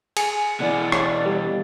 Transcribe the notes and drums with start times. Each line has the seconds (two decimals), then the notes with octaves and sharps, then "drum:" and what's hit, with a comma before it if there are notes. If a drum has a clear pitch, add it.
0.17 G#4 C#7, drum: cymbal
0.60 B2 E3 D5
0.92 drum: rim click
1.26 G3